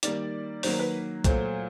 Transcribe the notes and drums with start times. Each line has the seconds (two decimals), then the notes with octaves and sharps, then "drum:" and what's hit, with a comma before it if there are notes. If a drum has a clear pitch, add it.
0.03 D#3 G3 A#3 D5, drum: hi-hat
0.63 D#3 F#3 A#3 C5, drum: open hi-hat
0.79 B4
1.24 A#2 F#3 A3 C5, drum: kick, hi-hat